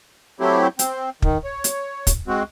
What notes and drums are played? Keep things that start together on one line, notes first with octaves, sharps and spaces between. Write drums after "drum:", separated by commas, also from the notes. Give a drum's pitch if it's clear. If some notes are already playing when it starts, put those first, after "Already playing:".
F#3 A3 C4 E4 G4
C4, drum: hi-hat
D#3, drum: kick
C#5
drum: hi-hat
drum: kick, hi-hat
G#3 C4 F#4